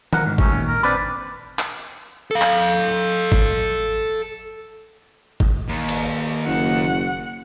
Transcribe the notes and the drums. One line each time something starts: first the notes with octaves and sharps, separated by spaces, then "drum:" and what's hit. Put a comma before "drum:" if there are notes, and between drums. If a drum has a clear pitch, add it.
A#4 F#5, drum: tom D#3
G#2
F#3 A3 C#4, drum: kick G#1
A#2 D#3
A#4
C4 D4 B4 D5
drum: clap
A4 F5
drum: clap
drum: kick G#1
drum: kick G#1
D#2
drum: cymbal
F#1 F#5